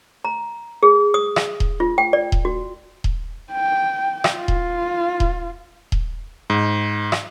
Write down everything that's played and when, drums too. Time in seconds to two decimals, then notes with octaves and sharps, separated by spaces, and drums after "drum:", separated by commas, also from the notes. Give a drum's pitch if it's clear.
0.25 A#5
0.83 G#4
1.14 D#6
1.36 drum: rim click
1.60 drum: kick D#1
1.80 F4
1.98 G5
2.13 D5
2.32 drum: kick D#1
2.45 F#4
3.04 drum: kick D#1
3.52 G5
4.24 drum: rim click
4.36 F4
4.48 drum: kick D#1
5.20 drum: kick D#1
5.92 drum: kick D#1
6.50 G#2
7.12 drum: rim click